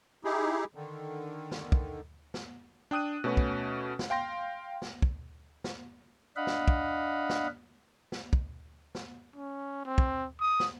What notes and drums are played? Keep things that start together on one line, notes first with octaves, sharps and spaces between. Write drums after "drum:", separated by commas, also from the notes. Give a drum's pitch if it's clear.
D#4 E4 G4 G#4
D3 D#3
drum: snare
drum: kick
drum: snare
D4 G5 D#6 F#6 D#7
B2 A3 C#4 F#4 B4
drum: kick
drum: snare
F5 G5 C6 A#6
drum: snare
drum: kick
drum: snare
D4 D#5 F5 F#5 B5
drum: snare
drum: kick
drum: snare
drum: snare
drum: kick
drum: snare
C#4
C4
drum: kick
D#6
drum: snare